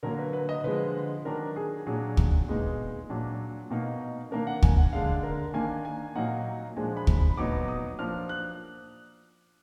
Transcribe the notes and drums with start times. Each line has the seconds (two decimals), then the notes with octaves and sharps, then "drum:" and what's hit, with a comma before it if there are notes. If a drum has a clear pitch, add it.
0.03 D3 F#3 A#3 A#4
0.19 B4
0.33 B4
0.49 D#5
0.64 D3 F3 G#3 B4
1.25 D#3 F#3 D4 A#4
1.56 G#4
1.86 A#2 F#3 D4 G#4
2.17 drum: kick
2.48 A#2 G#3 B3 D#4
3.10 A#2 F#3 D4
3.70 B2 A#3 D#4
4.31 D#3 A#3 D4 A#4
4.47 F#5
4.62 G#5, drum: kick
4.78 F#5
4.93 D3 G#3 D4 F5
5.23 A#4
5.54 D#3 A#3 D4 G#5
5.85 G#5
6.15 A#2 F#3 A#3 D#4 F#5
6.77 A#2 F3 G#3 D4 G#5
6.97 B5
7.07 drum: kick
7.17 B5
7.37 A#2 F#3 B3 D#4 D6
7.68 D#6
7.99 F3 A#3 D4 F6
8.29 F#6